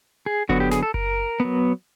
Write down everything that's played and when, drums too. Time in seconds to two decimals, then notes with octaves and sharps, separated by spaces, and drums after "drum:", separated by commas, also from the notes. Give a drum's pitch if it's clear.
0.26 G#4
0.49 D3 F#3 B3 F#4, drum: kick F#1
0.60 G4
0.71 G#4, drum: snare
0.83 A4
0.94 A#4, drum: kick F#1
1.40 F#3 B3